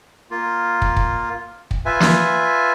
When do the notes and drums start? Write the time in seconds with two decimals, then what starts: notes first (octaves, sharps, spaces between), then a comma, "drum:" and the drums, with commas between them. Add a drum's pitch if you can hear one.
0.31 A#3 F4
0.82 drum: kick
0.97 drum: kick
1.71 drum: kick
1.86 F4 B4 E5 G#5
2.00 drum: snare